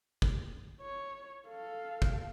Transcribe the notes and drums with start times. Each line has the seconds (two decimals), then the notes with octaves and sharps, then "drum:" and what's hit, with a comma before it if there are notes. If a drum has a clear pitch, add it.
0.22 drum: kick
0.81 C#5
1.48 A4 F5
2.02 drum: kick